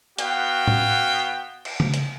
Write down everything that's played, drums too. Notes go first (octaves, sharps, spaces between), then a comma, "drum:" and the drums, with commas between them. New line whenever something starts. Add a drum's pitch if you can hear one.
B3 F#4 F5 G5, drum: hi-hat
drum: tom A2
drum: cymbal
drum: tom C#3
drum: hi-hat